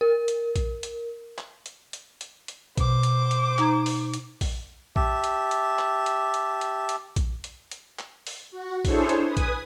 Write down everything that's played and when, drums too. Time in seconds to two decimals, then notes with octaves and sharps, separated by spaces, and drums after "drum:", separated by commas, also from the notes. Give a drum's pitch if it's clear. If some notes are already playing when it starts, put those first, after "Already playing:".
0.01 A#4
0.28 drum: hi-hat
0.56 drum: kick A#1, hi-hat
0.83 drum: hi-hat
1.38 drum: clap
1.66 drum: hi-hat
1.93 drum: hi-hat
2.21 drum: hi-hat
2.48 drum: hi-hat
2.77 B2 C5 D6, drum: kick A#1, hi-hat
3.03 drum: hi-hat
3.31 drum: hi-hat
3.58 D#4 A#5 G#6, drum: clap
3.86 drum: open hi-hat
4.14 drum: hi-hat
4.41 drum: kick A#1, open hi-hat
4.96 G4 E5 A5, drum: kick A#1
5.24 drum: hi-hat
5.51 drum: hi-hat
5.79 drum: clap
6.06 drum: hi-hat
6.34 drum: hi-hat
6.61 drum: hi-hat
6.89 drum: hi-hat
7.16 drum: kick A#1, hi-hat
7.44 drum: hi-hat
7.71 drum: hi-hat
7.99 drum: clap
8.27 drum: open hi-hat
8.51 F#4
8.85 D4 E4 G#4 A4 C5 C#5, drum: kick A#1, open hi-hat
9.09 drum: hi-hat
9.27 B4 G#5 D#6
9.37 drum: kick A#1, hi-hat